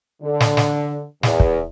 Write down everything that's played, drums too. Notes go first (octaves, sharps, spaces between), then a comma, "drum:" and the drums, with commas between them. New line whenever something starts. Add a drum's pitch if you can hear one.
D3
drum: snare
drum: snare
E2, drum: snare
drum: kick